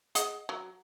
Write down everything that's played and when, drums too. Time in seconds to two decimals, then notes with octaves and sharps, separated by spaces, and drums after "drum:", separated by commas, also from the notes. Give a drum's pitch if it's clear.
0.15 G#4 D#5 F#5, drum: hi-hat
0.49 F#3